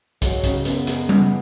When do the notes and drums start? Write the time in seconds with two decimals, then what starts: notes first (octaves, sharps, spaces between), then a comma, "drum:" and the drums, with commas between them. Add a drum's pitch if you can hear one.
0.22 F#3 G#3, drum: kick, hi-hat
0.44 C#3, drum: kick, hi-hat
0.65 F#2 B3, drum: hi-hat
0.87 G#3, drum: hi-hat
1.09 C#3, drum: tom G3